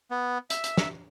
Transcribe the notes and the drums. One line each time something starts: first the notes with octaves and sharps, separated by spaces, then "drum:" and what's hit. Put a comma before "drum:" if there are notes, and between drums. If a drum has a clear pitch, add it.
B3
E5, drum: hi-hat
drum: hi-hat
drum: snare